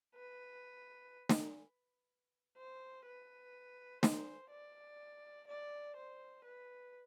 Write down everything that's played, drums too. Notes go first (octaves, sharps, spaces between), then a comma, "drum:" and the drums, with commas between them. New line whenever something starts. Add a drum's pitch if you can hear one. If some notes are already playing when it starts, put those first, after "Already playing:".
B4
drum: snare
C5
B4
C5, drum: snare
D5
D5
C5
B4